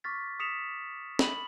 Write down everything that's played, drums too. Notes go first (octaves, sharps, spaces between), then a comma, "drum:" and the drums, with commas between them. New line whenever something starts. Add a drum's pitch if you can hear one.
C#6 D6 F6 A6 B6
D#6 B6 C#7 E7 F7
B5 F#7, drum: snare